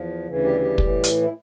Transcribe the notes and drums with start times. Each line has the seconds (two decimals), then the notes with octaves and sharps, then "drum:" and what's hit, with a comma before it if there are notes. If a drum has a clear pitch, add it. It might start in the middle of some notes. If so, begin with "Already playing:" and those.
Already playing: E2 F3
0.27 D2 C#3 E3
0.44 G3 G4
0.61 G3 G4
0.78 A2 E3, drum: kick
1.04 drum: hi-hat
1.21 E4